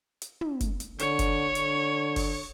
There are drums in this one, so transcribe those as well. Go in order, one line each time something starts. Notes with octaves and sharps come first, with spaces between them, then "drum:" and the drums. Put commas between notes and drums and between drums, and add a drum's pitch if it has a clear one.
drum: hi-hat
drum: tom
drum: kick F#1, hi-hat
drum: hi-hat
D3 C#5, drum: hi-hat
drum: kick F#1, hi-hat
D3, drum: hi-hat
drum: kick F#1, open hi-hat